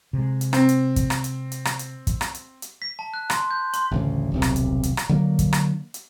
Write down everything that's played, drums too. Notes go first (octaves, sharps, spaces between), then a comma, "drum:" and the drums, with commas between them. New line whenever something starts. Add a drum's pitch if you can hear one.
C3 G#3
drum: hi-hat
C4, drum: rim click
drum: hi-hat
drum: kick, hi-hat
drum: rim click
drum: hi-hat
drum: hi-hat
drum: rim click
drum: hi-hat
drum: kick, hi-hat
drum: rim click
drum: hi-hat
drum: hi-hat
B6
A5
F#6
C6, drum: rim click
G6
C6, drum: hi-hat
A1 D2 C#3
D#1 B1 C3
drum: rim click
drum: hi-hat
drum: hi-hat
drum: rim click
D3 F#3 A3 A#3
drum: kick, hi-hat
drum: rim click
drum: hi-hat